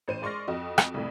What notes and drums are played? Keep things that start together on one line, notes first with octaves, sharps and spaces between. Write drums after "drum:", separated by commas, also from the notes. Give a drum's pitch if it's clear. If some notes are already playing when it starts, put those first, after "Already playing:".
A1 C5 D#7
G#3 D5 C6 C#6 F6 A#6
F2 F#4 D#5
drum: rim click
C2 F2 A2